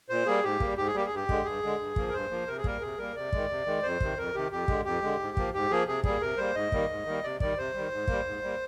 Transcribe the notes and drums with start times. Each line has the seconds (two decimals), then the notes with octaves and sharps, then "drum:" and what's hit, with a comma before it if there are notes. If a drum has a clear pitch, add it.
0.09 A#2 C5
0.26 G3 A#3 G#4
0.44 G#2 G4
0.60 G3 A#3, drum: kick
0.77 G#2 G4
0.87 G#4
0.94 G3 A#3 G4
1.05 G#4
1.11 G2
1.16 G4
1.29 D3 G#3, drum: kick
1.45 G2 G#4
1.63 D3 G#3
1.79 G2
1.96 F3 A#3, drum: kick
2.09 A#4
2.13 G2 C5
2.31 F3 A#3
2.47 C3 A#4
2.57 G#4
2.64 G3 A#3 A#4, drum: kick
2.81 C3 G#4
2.98 G3 A#3 A#4
3.16 C3 D5
3.33 D#3 G#3, drum: kick
3.49 C3
3.66 D#3 G#3
3.83 F2 C5
4.00 C3 D#3, drum: kick
4.17 F2 A#4
4.34 C3 D#3 G4
4.51 F2 G4
4.68 D3 G#3, drum: kick
4.85 F2 G4
5.02 D3 G#3
5.19 G#2
5.37 F3 A#3, drum: kick
5.54 G#2 G4
5.70 F3 A#3 G#4
5.87 C3 G#4
6.04 G3 A#3 G#4, drum: kick
6.21 C3 A#4
6.38 G3 A#3 C5
6.55 G#2 D#5
6.72 D#3 G3 A#3, drum: kick
6.90 G#2
7.06 D#3 G3 A#3
7.23 C3 D5
7.40 D#3 G3 D5, drum: kick
7.58 C3 C5
7.74 D#3 G3
7.91 G#2
8.08 G3 A#3, drum: kick
8.25 G#2
8.42 G3 A#3